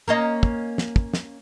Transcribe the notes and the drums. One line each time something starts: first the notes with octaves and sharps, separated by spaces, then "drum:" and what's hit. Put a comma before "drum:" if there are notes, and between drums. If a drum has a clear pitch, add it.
A#3 C#4 D#5
drum: kick
drum: snare
drum: kick
drum: snare